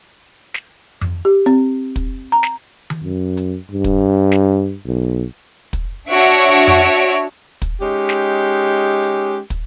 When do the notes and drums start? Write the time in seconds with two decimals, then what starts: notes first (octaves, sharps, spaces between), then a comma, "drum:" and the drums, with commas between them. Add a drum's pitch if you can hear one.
0.54 drum: snare
1.01 drum: tom F2
1.25 G4
1.46 C4, drum: hi-hat
1.96 drum: kick, hi-hat
2.32 A#5
2.43 drum: snare
2.90 drum: tom D#3
3.04 F#2
3.37 drum: hi-hat
3.71 G2
3.84 drum: kick, hi-hat
4.32 drum: snare
4.86 B1
5.73 drum: kick, hi-hat
6.09 D4 F#4 C#5 E5 D7
6.20 drum: snare
6.67 drum: tom F2
7.14 drum: hi-hat
7.62 drum: kick, hi-hat
7.81 G#3 C#4 D#4 G4
8.09 drum: snare
9.03 drum: hi-hat
9.50 drum: kick, hi-hat